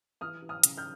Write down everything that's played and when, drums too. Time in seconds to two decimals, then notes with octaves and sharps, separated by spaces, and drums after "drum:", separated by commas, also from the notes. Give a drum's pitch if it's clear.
0.21 E3 D#6 F6
0.42 E3
0.49 D#6 F6
0.64 C#3, drum: hi-hat
0.77 F6 G6